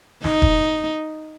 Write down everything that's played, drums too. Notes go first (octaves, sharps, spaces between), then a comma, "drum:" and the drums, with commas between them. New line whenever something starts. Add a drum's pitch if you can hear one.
D#4, drum: snare
drum: kick E1